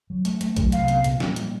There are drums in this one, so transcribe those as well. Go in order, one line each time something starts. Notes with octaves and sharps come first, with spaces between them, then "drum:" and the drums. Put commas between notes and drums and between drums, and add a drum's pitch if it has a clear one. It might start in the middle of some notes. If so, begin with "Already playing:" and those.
F#3
A3, drum: hi-hat
A3, drum: hi-hat
F#3, drum: kick, hi-hat
C2 F5, drum: hi-hat
B3, drum: hi-hat
A#2, drum: hi-hat
G3, drum: snare
drum: hi-hat